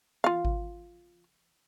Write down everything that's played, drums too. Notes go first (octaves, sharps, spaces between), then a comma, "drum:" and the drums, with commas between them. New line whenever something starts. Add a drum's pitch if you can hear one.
F4 F5, drum: tom
drum: kick G#1